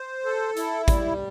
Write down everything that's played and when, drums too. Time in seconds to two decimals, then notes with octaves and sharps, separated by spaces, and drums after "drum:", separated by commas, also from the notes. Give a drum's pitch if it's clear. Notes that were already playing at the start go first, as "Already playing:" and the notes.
Already playing: C5
0.25 A4
0.56 E4, drum: hi-hat
0.88 G3, drum: kick G#1, hi-hat